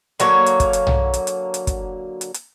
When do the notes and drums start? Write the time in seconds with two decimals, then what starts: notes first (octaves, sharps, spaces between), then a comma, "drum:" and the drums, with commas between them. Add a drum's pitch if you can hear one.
0.20 D3 F#3 A#3 C#5, drum: hi-hat
0.46 drum: hi-hat
0.60 drum: kick, hi-hat
0.73 drum: hi-hat
0.87 drum: tom B1
1.14 drum: hi-hat
1.27 drum: hi-hat
1.54 drum: hi-hat
1.67 drum: kick, hi-hat
2.21 drum: hi-hat
2.34 drum: hi-hat